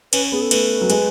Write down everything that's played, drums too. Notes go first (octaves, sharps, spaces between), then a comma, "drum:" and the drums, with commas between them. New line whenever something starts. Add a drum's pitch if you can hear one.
C#4 B4, drum: cymbal
B3 G#4
A4
A3 B4, drum: cymbal
F#3
G#3, drum: cymbal